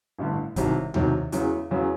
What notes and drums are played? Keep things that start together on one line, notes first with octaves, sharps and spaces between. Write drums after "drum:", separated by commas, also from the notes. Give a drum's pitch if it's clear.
A1 G2 D3
C2 C3 D#3 F#3, drum: kick, hi-hat
C2 C3 D#3 F#3, drum: tom D#2
E2 C#3 F#3, drum: hi-hat
E2 C#3 F#3